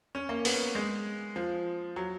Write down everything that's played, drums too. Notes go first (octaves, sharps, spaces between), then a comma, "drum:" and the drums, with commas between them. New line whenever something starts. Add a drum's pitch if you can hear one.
C#4
A#3
B3, drum: open hi-hat
G#3
F3
F#3